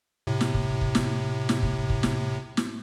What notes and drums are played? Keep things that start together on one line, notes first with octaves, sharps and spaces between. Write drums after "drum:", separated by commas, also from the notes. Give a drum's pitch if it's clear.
A2 C3
drum: snare
drum: kick
drum: kick
drum: snare
drum: snare
drum: kick
drum: kick
drum: snare
drum: snare